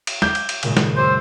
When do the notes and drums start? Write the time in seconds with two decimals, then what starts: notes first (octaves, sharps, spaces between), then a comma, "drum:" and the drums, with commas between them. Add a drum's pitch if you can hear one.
0.07 drum: cymbal
0.22 D6 G6, drum: snare
0.35 drum: cymbal
0.49 drum: cymbal
0.63 G#1 A#2 C#3, drum: cymbal
0.77 drum: snare
0.96 F#2 C5 D6 E6